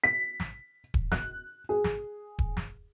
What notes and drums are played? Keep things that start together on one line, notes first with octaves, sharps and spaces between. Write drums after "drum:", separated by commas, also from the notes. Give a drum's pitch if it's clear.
B6
drum: snare
drum: kick D#1
F#6, drum: snare
G#4
drum: snare
drum: kick D#1
drum: snare